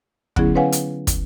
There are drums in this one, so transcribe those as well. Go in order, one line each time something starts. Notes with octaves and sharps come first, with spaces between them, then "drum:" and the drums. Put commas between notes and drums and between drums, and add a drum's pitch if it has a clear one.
D3 F#3 B3 C#4 E4 G#4, drum: kick
C#4 B4 C#5 F5 F#5 G#5
drum: hi-hat
drum: kick, hi-hat